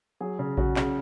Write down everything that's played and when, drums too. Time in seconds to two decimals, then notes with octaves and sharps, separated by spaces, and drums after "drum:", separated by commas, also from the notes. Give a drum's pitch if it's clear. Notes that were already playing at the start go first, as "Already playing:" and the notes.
0.20 F#3 G#4
0.39 C#3
0.57 C#3 F#4, drum: kick A1
0.76 C#3, drum: clap